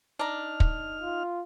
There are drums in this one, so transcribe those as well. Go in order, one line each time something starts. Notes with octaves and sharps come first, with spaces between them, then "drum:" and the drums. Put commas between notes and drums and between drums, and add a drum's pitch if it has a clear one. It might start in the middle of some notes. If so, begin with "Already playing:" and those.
D4 D#4 A#5 F6
drum: kick
F4